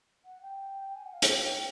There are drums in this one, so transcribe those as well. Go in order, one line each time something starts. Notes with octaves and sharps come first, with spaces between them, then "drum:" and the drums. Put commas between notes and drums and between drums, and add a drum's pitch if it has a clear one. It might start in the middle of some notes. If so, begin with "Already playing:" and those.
F#5
G5
G#5
F#5
F5
F#5, drum: hi-hat
G5
G5
G5